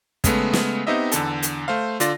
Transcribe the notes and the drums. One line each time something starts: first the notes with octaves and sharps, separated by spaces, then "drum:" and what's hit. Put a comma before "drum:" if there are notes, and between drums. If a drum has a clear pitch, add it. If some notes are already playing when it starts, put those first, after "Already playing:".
C#3 G#3 A3 B3, drum: kick, hi-hat
drum: snare
B3 C4 D#4 G4 D#5 E5
E2 D3 A4, drum: hi-hat
drum: hi-hat
A3 C5 F5
D3 F4 D5 A#6, drum: hi-hat